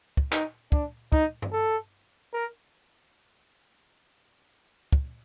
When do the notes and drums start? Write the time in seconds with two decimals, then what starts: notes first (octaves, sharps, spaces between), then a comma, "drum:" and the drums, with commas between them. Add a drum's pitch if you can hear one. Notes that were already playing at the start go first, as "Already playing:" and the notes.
0.17 drum: kick
0.32 D#4, drum: clap
0.72 D4, drum: kick
1.12 D#4, drum: kick
1.42 drum: tom G2
1.52 A4
2.33 A#4
4.92 drum: kick